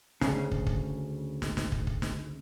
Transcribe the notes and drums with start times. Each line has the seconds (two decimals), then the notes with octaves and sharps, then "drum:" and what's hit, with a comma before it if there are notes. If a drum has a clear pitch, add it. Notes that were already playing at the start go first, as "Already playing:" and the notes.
0.21 D2 C#3, drum: snare
0.52 drum: kick
0.67 drum: kick
1.42 drum: snare
1.57 drum: snare
1.72 drum: kick
1.87 drum: kick
2.02 drum: snare